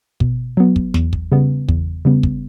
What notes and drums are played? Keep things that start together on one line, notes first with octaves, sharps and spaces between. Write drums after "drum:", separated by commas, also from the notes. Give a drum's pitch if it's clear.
B2, drum: kick
F#3 B3
drum: kick
E2, drum: snare
drum: kick
C#3 G3 B3
E2, drum: kick
C#3 G3 B3
drum: kick